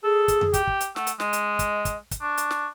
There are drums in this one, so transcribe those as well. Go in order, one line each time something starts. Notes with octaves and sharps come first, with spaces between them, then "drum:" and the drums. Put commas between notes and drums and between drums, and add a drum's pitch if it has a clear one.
G#4 A4
drum: kick, hi-hat
drum: tom F2
G4, drum: kick, hi-hat
drum: kick
drum: hi-hat
A3 F#5, drum: snare
drum: hi-hat
G#3 D#5, drum: snare
drum: hi-hat
drum: kick, hi-hat
drum: kick, hi-hat
drum: kick, hi-hat
D4 C#6
drum: hi-hat
drum: snare